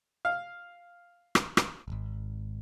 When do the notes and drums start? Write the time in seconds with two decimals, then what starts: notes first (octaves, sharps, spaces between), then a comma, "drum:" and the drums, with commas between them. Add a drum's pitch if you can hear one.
0.25 F5
1.35 drum: rim click
1.57 drum: rim click
1.88 D1 G#1